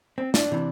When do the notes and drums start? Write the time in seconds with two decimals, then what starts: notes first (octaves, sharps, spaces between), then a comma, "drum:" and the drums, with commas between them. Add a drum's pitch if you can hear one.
0.18 C4
0.34 D4, drum: snare
0.51 C3 E3